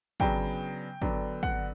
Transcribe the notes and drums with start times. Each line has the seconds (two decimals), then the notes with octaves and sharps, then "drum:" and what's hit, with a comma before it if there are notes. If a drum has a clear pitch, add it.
0.20 C#3 F#3 B3 D4 G5, drum: kick
1.02 D3 F#3 B3 D4, drum: kick
1.43 F#5, drum: kick